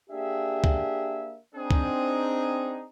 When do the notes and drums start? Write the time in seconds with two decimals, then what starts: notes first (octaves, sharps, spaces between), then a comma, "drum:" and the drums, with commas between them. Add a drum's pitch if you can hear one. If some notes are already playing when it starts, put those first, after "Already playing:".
0.10 A#3 D4 G4 G#4 E5
0.64 drum: kick
1.55 C4 D4 D#4 G#4
1.71 drum: kick